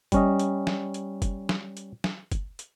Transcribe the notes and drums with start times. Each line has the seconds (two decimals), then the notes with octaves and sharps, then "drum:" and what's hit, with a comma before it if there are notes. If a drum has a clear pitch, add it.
0.12 G3 C#4 D#5, drum: kick, hi-hat
0.39 drum: hi-hat
0.67 drum: snare
0.94 drum: hi-hat
1.22 drum: kick, hi-hat
1.49 drum: snare
1.77 drum: hi-hat
2.04 drum: snare
2.32 drum: kick, hi-hat
2.59 drum: hi-hat